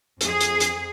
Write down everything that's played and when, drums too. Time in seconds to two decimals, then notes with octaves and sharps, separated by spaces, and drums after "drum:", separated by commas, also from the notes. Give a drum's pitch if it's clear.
0.21 F2 G#4, drum: hi-hat
0.41 drum: hi-hat
0.60 drum: hi-hat